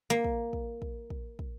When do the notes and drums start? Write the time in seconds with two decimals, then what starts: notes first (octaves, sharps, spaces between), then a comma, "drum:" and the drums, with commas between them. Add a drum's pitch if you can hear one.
0.10 A#3
0.24 drum: kick
0.53 drum: kick
0.82 drum: kick
1.10 drum: kick
1.39 drum: kick